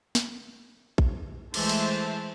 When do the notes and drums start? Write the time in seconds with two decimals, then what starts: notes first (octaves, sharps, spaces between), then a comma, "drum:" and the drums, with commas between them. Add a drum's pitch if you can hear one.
0.15 drum: snare
0.98 drum: kick A#1
1.54 E3 G#3 A3 C5 E5 A5, drum: cymbal
1.69 drum: cymbal